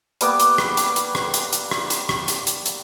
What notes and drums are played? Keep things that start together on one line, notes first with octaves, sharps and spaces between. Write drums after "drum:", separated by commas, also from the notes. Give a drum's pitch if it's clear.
G3 A#3 B3 D6, drum: hi-hat
drum: hi-hat
drum: rim click
drum: hi-hat
drum: hi-hat
drum: rim click
drum: hi-hat
drum: hi-hat
drum: rim click
drum: hi-hat
drum: rim click
drum: hi-hat
drum: hi-hat
drum: hi-hat